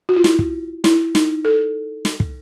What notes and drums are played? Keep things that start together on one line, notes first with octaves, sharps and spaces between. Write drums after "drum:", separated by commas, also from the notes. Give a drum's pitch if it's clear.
F#4
F4
E4, drum: snare
drum: kick
E4, drum: snare
D#4, drum: snare
A4
drum: snare
drum: kick